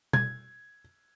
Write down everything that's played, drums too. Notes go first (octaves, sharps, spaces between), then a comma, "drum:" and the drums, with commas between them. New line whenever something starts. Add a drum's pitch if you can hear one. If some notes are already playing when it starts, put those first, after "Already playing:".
G#6, drum: tom B2